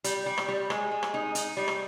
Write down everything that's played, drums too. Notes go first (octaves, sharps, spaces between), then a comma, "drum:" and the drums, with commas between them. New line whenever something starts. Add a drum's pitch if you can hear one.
G3, drum: hi-hat
G3
drum: rim click
G3
G#3, drum: rim click
G#3
drum: rim click
D#4
D#4, drum: hi-hat
G3
drum: rim click